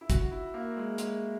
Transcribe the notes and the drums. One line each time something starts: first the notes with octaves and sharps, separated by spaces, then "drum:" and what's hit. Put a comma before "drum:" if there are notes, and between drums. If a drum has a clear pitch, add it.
E4
F#4, drum: kick, hi-hat
E4
A#3
G#3
G#3, drum: hi-hat